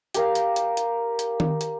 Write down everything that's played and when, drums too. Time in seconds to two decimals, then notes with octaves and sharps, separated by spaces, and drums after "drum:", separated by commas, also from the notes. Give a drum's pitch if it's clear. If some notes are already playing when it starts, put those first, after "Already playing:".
0.14 G4 A#4 F5, drum: hi-hat
0.35 drum: hi-hat
0.56 drum: hi-hat
0.77 drum: hi-hat
1.19 drum: hi-hat
1.40 drum: tom D#3
1.61 drum: hi-hat